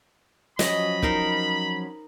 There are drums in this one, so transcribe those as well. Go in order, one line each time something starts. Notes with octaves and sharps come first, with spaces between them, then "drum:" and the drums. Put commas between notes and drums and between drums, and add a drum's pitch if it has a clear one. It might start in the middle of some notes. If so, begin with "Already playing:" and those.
F3 F#3 C#4 D#5 B5, drum: snare
D#4 A#4 C5, drum: kick